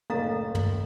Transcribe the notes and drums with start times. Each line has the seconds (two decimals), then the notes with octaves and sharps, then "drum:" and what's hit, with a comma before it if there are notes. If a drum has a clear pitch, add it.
0.10 F#1 A2 A#3 A4 F5 A#5 A6
0.55 drum: tom